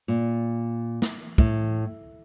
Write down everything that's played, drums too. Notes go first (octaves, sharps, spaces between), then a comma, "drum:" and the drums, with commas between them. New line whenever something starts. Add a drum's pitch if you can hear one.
A#2
drum: snare
A2, drum: kick